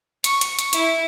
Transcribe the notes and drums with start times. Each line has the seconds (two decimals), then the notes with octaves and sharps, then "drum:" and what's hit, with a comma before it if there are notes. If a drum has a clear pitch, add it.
0.24 C#6, drum: hi-hat
0.41 drum: hi-hat
0.59 drum: hi-hat
0.73 E4, drum: hi-hat